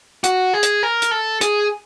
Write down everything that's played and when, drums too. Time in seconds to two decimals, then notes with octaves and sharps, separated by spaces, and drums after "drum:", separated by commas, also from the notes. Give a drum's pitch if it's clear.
0.24 F#4, drum: hi-hat
0.54 G#4
0.63 drum: hi-hat
0.83 A#4
1.02 drum: hi-hat
1.11 A4
1.41 G#4, drum: hi-hat